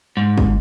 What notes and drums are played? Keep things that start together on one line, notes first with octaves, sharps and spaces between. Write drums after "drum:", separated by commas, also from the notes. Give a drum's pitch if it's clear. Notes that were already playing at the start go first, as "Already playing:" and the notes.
G#2
drum: kick